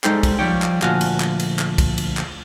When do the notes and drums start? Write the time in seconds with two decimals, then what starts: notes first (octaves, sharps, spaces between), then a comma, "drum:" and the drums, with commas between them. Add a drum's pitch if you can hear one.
0.04 G3 G#3 D#4 A4 C5 G5, drum: clap
0.23 drum: kick, cymbal
0.39 F3 G3 G4 C#5 G5
0.62 drum: clap
0.82 D2 A#2 F3 F#4 F5 G#5, drum: clap
1.01 drum: cymbal
1.20 drum: clap
1.40 drum: cymbal
1.59 drum: clap
1.78 drum: kick, cymbal
1.98 drum: cymbal
2.17 drum: clap